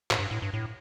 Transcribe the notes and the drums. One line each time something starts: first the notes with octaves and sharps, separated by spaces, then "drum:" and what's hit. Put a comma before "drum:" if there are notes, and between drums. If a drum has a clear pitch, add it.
A2, drum: clap
G2
A2
G2
A2